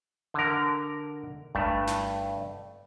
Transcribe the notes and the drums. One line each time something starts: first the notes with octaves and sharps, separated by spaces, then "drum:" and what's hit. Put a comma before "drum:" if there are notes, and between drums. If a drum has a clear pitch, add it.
D3 A#4
G2 A3, drum: kick G1
drum: snare